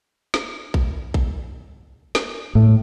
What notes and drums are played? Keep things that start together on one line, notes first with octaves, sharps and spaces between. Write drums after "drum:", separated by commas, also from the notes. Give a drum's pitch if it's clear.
drum: snare
drum: kick A#1
drum: kick A#1
drum: snare
A2